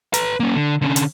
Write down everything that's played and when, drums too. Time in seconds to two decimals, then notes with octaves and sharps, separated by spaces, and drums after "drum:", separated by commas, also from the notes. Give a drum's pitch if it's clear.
0.14 B4 A#5, drum: hi-hat
0.40 A#3 C#4
0.56 D3
0.82 D3 C#4
0.96 drum: hi-hat